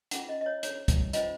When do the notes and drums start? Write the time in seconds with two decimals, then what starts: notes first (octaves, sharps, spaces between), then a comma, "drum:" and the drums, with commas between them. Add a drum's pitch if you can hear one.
0.11 C#4 F4 G#4 F#5, drum: hi-hat
0.29 D#5
0.41 D#5
0.46 C#5
0.63 C#5, drum: hi-hat
0.88 drum: kick, hi-hat
1.13 C#4 F4 C5 D#5, drum: hi-hat